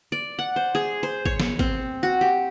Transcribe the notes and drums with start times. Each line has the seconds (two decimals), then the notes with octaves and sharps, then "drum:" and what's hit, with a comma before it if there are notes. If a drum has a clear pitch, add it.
0.12 D5
0.39 F#5
0.56 C5
0.75 G#4
1.03 C5
1.25 C#5, drum: kick G#1
1.40 drum: snare
1.59 C4, drum: kick G#1
2.03 F#4
2.21 G4